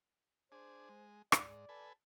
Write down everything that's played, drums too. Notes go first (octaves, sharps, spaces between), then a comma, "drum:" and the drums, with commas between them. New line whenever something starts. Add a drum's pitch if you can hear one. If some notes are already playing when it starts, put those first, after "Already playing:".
D4 G#4 C5
G#3
G#2 D5, drum: rim click
A4 B4 G#5